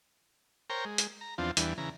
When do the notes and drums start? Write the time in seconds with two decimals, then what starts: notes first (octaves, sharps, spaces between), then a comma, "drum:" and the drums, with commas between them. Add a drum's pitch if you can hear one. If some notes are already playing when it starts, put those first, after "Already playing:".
0.70 A#4 C5 C#5 G5 A#5
0.85 G#3
0.98 drum: hi-hat
1.21 A#5
1.38 E2 F3 C4 D4 F4
1.57 E2 E3 G3 D4, drum: hi-hat
1.78 C#3 E3 A#5